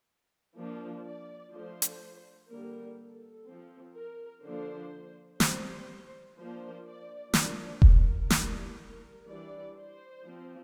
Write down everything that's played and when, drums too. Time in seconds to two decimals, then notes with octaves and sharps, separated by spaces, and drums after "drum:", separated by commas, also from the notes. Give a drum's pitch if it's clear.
0.55 F3 A#3 D4
1.03 D5
1.52 F3 A3 D4 C5
1.82 drum: hi-hat
2.49 D3 G3 A#3 A#4
2.98 A4
3.45 F3 C4
3.95 A#4
4.43 D3 F3 A#3 D4 C5
5.40 G3 C4 C5, drum: snare
6.36 F3 A#3 D4 C5
6.86 D5
7.34 F3 A#3 D4 D5, drum: snare
7.82 A#4, drum: kick E1
8.30 E3 G3 A#3 D4, drum: snare
8.80 A#4
9.27 E3 G3 D4 D5
9.76 C5
10.24 F3 C4